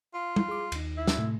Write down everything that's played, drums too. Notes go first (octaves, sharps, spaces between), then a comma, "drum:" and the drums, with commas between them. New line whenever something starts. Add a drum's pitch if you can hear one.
F4 F5
drum: tom
G#4 D6
D#2 D#4, drum: cymbal
E4
drum: snare
A2 C3 A3